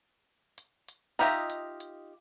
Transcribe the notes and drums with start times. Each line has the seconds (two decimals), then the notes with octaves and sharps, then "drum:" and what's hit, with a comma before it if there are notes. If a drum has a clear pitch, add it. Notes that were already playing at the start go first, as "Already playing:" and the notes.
0.58 drum: hi-hat
0.89 drum: hi-hat
1.19 D#4 F4 G4 D#5 E5, drum: open hi-hat
1.50 drum: hi-hat
1.80 drum: hi-hat